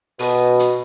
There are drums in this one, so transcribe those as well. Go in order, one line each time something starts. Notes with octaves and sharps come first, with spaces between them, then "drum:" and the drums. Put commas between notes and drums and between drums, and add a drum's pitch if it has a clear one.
B2, drum: open hi-hat
drum: hi-hat